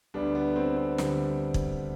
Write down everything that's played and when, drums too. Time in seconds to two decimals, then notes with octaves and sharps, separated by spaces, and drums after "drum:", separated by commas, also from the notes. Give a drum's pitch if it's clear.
0.14 D2 D3 G3 B3 D4
0.35 B3
0.56 C4
0.77 C4
0.98 D2 D3 G3, drum: snare
1.54 drum: kick